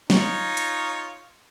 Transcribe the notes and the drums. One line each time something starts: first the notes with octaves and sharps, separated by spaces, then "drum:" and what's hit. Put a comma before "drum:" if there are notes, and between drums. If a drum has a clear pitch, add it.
D#4 F4 C#5, drum: snare
drum: hi-hat